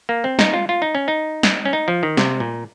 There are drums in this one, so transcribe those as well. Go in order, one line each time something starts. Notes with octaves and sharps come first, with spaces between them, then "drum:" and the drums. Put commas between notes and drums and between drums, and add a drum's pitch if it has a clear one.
A#3
C4
D#4, drum: snare
F4
F4
D#4
C#4
D#4
drum: snare
C#4
D#4
F3
D#3
C3, drum: snare
A#2